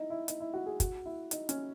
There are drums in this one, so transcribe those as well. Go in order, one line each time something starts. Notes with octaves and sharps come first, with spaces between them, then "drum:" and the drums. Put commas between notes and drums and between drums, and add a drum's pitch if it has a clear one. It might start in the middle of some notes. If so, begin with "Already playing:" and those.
Already playing: D#4 E4
E4
D#4, drum: hi-hat
E4
F#4
G#4
F#4, drum: kick, hi-hat
E4
D#4, drum: hi-hat
C#4, drum: hi-hat